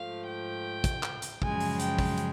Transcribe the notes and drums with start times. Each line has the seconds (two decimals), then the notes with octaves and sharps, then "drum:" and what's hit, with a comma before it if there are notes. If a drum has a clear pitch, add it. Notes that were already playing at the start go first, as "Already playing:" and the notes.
Already playing: G#2 F3 A3 F5
0.27 G5
0.84 drum: kick, hi-hat
1.03 drum: clap
1.22 drum: hi-hat
1.42 F#2 C#3 F3 G#3 G#5, drum: kick
1.60 drum: open hi-hat
1.80 G5, drum: hi-hat
1.99 drum: kick, open hi-hat
2.18 drum: hi-hat